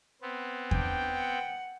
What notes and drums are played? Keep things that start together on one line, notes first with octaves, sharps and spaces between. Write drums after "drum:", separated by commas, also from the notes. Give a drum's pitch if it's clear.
B3 C4
D4 G5, drum: kick E2
F#5